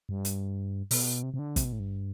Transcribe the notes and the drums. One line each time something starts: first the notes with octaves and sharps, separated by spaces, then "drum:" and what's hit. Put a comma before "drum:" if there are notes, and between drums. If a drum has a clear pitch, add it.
G2
drum: hi-hat
B2, drum: open hi-hat
C3
C3
D3
C3, drum: kick, hi-hat
B2
A2
G2